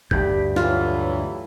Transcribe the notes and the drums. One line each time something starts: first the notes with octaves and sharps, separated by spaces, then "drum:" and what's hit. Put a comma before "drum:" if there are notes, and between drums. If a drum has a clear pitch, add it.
D2 G2 G4 B5 G6, drum: kick G#1
A2 E3 F#3 F4, drum: snare